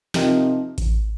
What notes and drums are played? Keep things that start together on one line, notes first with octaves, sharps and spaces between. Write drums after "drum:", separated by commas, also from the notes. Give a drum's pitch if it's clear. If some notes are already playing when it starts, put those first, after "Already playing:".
C3 F3 D#4 G4 A#4, drum: snare
drum: kick A1, hi-hat